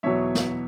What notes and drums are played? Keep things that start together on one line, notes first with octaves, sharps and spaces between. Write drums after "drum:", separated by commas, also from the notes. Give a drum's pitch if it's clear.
E2 B2 F#3 C#5 E5
drum: snare